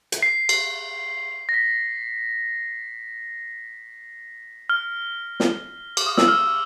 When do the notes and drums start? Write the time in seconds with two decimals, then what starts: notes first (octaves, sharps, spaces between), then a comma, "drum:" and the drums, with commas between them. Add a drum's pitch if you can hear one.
0.12 drum: hi-hat
0.23 C7
0.49 C7, drum: cymbal
1.49 A#6
1.54 B6
4.70 F6
5.40 drum: snare
5.97 D6, drum: cymbal
6.07 D#6
6.17 E6, drum: snare
6.28 F6